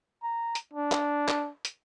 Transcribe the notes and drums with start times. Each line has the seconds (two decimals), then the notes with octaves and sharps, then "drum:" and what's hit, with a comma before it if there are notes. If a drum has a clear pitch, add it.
0.23 A#5
0.55 drum: hi-hat
0.74 D4
0.92 drum: clap
1.28 drum: clap
1.65 drum: hi-hat